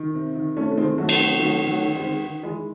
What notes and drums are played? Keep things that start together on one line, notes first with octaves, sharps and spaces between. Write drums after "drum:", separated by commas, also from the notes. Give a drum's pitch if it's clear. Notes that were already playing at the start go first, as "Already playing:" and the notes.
Already playing: D#3
C3
D#3
C3 A3 C#4
A3
D#3 G#3 C4
D#3 F#3 A3
drum: cymbal
C3 F#3 A3
D#3 F#3 A3
D#3
F#3 A3
D#3
G#3 C4
D#3
D#3
D#3 E3 G#3